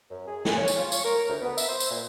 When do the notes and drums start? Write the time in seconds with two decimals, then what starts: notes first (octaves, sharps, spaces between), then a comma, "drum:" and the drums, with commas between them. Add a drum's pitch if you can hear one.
0.11 F#2
0.28 G#4
0.45 G#5, drum: snare
0.58 C#5
0.68 drum: tambourine
0.77 F4
0.92 C#6, drum: tambourine
1.05 A#4
1.29 D2
1.42 B3
1.58 E5, drum: tambourine
1.69 C5
1.80 drum: tambourine
1.91 A#2